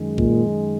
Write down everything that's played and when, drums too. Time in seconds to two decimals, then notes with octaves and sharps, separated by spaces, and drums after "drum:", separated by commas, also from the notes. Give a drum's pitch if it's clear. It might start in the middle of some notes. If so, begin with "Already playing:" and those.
Already playing: F#2 D#3 G#3
0.18 A#2, drum: kick